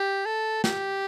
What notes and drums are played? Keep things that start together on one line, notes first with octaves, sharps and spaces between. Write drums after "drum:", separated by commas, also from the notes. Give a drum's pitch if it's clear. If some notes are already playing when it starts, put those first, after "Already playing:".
Already playing: G4
A4
G4, drum: snare